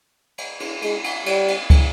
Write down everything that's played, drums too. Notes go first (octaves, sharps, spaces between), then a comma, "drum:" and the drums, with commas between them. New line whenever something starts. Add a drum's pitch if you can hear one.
drum: cymbal
drum: cymbal
G#3, drum: cymbal
drum: cymbal
G3, drum: cymbal
drum: cymbal
drum: kick, cymbal